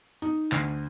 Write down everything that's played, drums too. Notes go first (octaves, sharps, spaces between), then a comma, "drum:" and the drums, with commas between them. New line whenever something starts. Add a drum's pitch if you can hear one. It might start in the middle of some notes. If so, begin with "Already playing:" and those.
D#4
D2, drum: clap